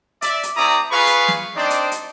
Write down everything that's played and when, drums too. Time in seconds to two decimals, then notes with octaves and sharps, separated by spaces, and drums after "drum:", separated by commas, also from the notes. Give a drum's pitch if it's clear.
0.22 D5 E5, drum: hi-hat
0.43 drum: hi-hat
0.57 A3 C4 E4 D5 A#5 D#6
0.90 F4 G#4 B4 F5 B5 C#6
1.07 drum: hi-hat
1.28 drum: snare
1.56 C4 D4 D#4 C5 D5
1.70 drum: hi-hat
1.92 drum: hi-hat